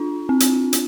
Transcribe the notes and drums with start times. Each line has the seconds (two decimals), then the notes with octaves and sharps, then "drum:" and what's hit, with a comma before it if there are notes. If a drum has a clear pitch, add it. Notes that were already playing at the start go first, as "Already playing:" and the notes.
Already playing: D4 F4
0.29 C4
0.40 drum: hi-hat
0.73 drum: hi-hat